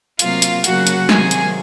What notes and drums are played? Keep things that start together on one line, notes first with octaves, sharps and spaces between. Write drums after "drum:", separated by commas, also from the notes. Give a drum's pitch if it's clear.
C3 F#3 A#3 F4 F5, drum: hi-hat
drum: hi-hat
C#3 F#3 A#3 F#4 F#5, drum: hi-hat
drum: hi-hat
C3 D#3 F#3 A#3 G#4 G#5, drum: snare
drum: hi-hat